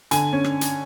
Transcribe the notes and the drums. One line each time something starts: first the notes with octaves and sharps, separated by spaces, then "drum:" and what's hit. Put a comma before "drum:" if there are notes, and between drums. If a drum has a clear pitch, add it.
D3 G#5, drum: hi-hat
C#4
drum: rim click
drum: hi-hat